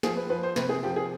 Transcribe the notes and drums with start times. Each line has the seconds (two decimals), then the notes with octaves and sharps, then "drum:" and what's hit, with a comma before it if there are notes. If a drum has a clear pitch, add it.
0.03 F3 G#4, drum: snare
0.17 B4
0.30 F3 B4
0.43 C5
0.56 C3 B4, drum: snare
0.69 G#4
0.83 F3 G4
0.96 G#4